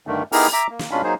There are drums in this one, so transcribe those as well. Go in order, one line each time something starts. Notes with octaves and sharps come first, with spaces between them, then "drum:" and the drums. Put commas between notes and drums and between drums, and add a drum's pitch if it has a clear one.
G2 D3 D#3 A3
B3 D#4 E4 G4 G#4 A#4, drum: open hi-hat
E5 A#5 D6
A#3
drum: snare
B2 G#3 C#4 D4 F4 B5
F#3 A#3 D#4 G#4 C5